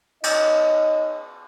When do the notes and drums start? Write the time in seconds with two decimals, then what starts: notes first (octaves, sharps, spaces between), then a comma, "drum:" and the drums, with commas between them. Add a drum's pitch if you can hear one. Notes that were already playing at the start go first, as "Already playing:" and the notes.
0.24 D#4 C#5 D#5, drum: cymbal